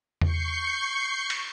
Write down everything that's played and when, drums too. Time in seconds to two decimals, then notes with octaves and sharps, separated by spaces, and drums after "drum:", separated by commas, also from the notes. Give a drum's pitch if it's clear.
0.22 C#6 G6 C7 C#7, drum: tom E2
1.30 drum: cymbal